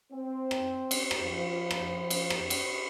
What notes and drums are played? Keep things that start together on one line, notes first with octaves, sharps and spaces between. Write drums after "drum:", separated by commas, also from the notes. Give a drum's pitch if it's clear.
C4
drum: rim click
drum: cymbal
drum: rim click
F3
drum: rim click
drum: cymbal
drum: rim click
drum: cymbal